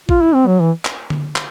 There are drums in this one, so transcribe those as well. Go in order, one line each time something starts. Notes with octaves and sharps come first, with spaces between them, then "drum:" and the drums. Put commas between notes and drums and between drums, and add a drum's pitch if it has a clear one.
F4, drum: kick A1
E4
C4
F#3
E3
drum: clap
drum: tom D3
drum: clap